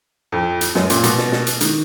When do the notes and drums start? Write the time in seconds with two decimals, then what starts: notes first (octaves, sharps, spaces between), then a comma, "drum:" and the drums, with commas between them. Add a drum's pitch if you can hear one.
0.32 F2
0.61 drum: hi-hat
0.75 F#2, drum: snare
0.90 A#2, drum: hi-hat
1.04 B2, drum: hi-hat
1.18 drum: snare
1.32 drum: snare
1.47 drum: hi-hat
1.61 D#3, drum: hi-hat